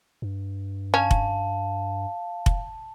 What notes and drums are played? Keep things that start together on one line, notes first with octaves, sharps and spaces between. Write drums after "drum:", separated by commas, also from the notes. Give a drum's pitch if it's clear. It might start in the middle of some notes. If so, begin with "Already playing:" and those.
G2
C#4 F5 A5
drum: kick F1
drum: kick F1